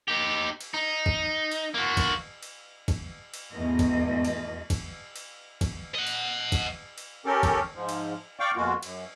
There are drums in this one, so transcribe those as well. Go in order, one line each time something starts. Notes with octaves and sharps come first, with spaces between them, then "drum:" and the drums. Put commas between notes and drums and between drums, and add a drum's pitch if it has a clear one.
D#4 G4
drum: cymbal
D#4
drum: kick
drum: cymbal
A#3 F#4
drum: kick, cymbal
drum: cymbal
drum: kick, cymbal
drum: cymbal
E2 G#2 B2 G#3 A3 D#5
drum: kick, cymbal
drum: cymbal
drum: kick, cymbal
drum: cymbal
drum: kick, cymbal
D#5 F#5
drum: cymbal
drum: kick, cymbal
drum: cymbal
C#4 G4 A4 A#4
drum: kick, cymbal
G#2 F3
drum: cymbal
D5 F5 G5 C#6 D6
F2 B2 G#3 A#3 F4 F#4
F#2, drum: cymbal